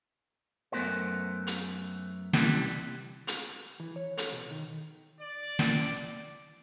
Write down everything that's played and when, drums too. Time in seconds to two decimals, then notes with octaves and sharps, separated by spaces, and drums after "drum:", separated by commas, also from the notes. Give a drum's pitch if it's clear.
0.72 F#2 A3 B3 G4 A#4 C5
1.47 drum: hi-hat
2.33 C3 E3 G3, drum: snare
3.27 drum: hi-hat
3.80 E3
3.96 C#5
4.18 A4, drum: hi-hat
4.32 B2
4.51 D#3
5.19 D5
5.59 drum: snare